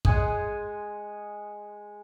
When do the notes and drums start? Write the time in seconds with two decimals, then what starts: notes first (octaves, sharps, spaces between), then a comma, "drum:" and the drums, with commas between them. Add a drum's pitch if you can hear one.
0.05 G#3 F#5 G#5 D#6, drum: kick